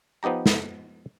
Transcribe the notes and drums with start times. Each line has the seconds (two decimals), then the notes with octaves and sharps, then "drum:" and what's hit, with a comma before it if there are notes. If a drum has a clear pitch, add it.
0.23 F3 B3 D#4 G4 A#5
0.46 drum: snare